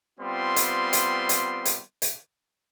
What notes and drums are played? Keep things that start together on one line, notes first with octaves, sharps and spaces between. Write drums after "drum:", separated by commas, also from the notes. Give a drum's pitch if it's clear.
G3 B3 C4 F4 C6
drum: hi-hat
drum: hi-hat
drum: hi-hat
drum: hi-hat
drum: hi-hat